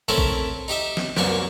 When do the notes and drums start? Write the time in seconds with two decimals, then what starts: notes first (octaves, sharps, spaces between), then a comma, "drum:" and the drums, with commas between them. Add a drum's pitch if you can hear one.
0.08 A3 C4 C#4 E4 A4 A#4
0.18 drum: kick A1
0.68 D#4 G4 D#5 E5
0.97 drum: snare
1.17 C2 F#2 E3 A#3 G#5 C#6, drum: snare